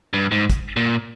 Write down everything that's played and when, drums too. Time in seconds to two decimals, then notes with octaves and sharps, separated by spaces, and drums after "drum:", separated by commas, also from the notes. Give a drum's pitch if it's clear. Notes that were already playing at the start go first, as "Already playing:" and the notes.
0.13 G2
0.32 G#2
0.50 drum: kick, hi-hat
0.76 A#2